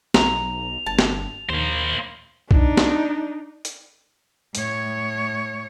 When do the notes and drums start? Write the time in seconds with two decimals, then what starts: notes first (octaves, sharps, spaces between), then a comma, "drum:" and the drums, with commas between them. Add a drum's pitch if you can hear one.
0.14 B1 A#5 F7, drum: snare
0.86 G1 A5
0.99 drum: snare
1.49 D#2 A#3 C5
2.51 D4 D#4, drum: kick B1
2.77 drum: snare
3.65 drum: hi-hat
4.55 A2 C#5, drum: hi-hat